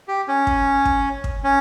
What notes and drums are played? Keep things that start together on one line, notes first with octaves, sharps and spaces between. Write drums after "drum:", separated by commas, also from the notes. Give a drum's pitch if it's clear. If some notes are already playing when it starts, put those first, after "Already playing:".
G4
C#4
drum: kick
drum: kick
drum: kick
C#4